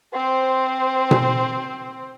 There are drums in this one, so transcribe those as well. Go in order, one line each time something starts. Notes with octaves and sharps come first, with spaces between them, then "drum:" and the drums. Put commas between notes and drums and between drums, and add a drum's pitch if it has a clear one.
C4 C5
drum: tom B2